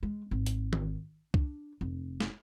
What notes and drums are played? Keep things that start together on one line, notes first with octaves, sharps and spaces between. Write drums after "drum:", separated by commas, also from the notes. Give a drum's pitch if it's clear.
G#3
G#1
drum: hi-hat
drum: tom D#3
D4, drum: kick
F1
drum: snare